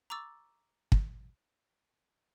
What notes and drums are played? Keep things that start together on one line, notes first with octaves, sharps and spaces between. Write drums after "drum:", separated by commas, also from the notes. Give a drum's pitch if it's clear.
A#5 C#6 D6 E6 A6
drum: kick